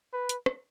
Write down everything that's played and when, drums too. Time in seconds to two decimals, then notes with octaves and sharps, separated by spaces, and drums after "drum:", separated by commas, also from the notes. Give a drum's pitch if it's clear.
0.13 B4
0.29 drum: hi-hat
0.46 drum: rim click